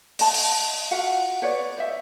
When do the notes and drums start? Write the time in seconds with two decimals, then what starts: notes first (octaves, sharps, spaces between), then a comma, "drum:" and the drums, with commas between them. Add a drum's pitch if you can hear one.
0.19 D#5 A5, drum: open hi-hat
0.34 drum: open hi-hat
0.91 F4 F#4 E5 F#5
1.42 B4 C#5 D5
1.77 C5 D#5 E5